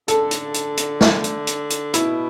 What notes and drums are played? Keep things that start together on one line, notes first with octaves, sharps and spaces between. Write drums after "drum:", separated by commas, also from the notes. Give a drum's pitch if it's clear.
D3 A4, drum: hi-hat
drum: hi-hat
drum: hi-hat
drum: hi-hat
drum: snare
drum: hi-hat
drum: hi-hat
drum: hi-hat
B2 E4, drum: hi-hat